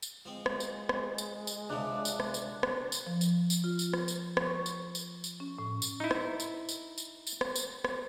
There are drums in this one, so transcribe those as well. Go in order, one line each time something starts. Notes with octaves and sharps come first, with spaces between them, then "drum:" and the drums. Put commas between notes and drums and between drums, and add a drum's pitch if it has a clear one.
drum: tambourine
F3 G#3 C4
drum: rim click
drum: tambourine
drum: rim click
drum: tambourine
drum: tambourine
C#2 C3 F3 D4
drum: tambourine
drum: rim click
drum: tambourine
drum: rim click
drum: tambourine
F3
drum: tambourine
drum: tambourine
F4
drum: tambourine
drum: rim click
drum: tambourine
drum: rim click
C#6
drum: tambourine
drum: tambourine
drum: tambourine
C#4
A2
drum: tambourine
D#4 E4
drum: rim click
drum: tambourine
drum: tambourine
drum: tambourine
drum: tambourine
drum: rim click
drum: tambourine
drum: rim click